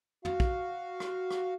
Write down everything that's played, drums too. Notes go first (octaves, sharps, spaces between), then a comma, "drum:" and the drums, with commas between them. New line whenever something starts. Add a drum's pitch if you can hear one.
F#4 F5, drum: tom
drum: kick
drum: rim click
drum: rim click